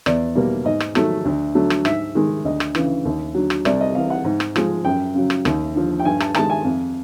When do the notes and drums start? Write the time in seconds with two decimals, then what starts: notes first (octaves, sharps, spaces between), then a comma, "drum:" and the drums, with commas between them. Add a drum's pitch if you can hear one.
0.06 E2 D5, drum: rim click
0.35 B2 G3 A#3
0.65 G#2 D#5
0.80 drum: rim click
0.95 D#3 F#3 A3, drum: rim click
1.25 D2
1.55 D3 F#3 A3
1.70 drum: rim click
1.85 G#2 E5, drum: rim click
2.15 D#3 G#3
2.45 D2 D#5
2.60 drum: rim click
2.75 C#3 E3, drum: rim click
3.05 D#2
3.35 D3 F#3
3.50 drum: rim click
3.65 C2 D5, drum: rim click
3.81 D#5
3.95 C3 E3 F5
4.10 F#5
4.25 G#2
4.40 drum: rim click
4.56 F3 G#3, drum: rim click
4.85 F#2 G5
5.15 C#3 F#3
5.30 drum: rim click
5.45 D#2, drum: rim click
5.75 D3 F3
6.00 G5
6.05 G2 G#5
6.20 A5, drum: rim click
6.34 D#3 G#3 A5, drum: rim click
6.50 G#5
6.64 F2